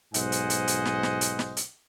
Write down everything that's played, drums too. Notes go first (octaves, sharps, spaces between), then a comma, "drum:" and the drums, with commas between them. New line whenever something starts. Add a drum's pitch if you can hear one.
B1 G#2 C5 D#5 F#5 G#5, drum: hi-hat
drum: hi-hat
drum: hi-hat
drum: hi-hat
drum: snare
drum: snare
drum: hi-hat
drum: snare
drum: hi-hat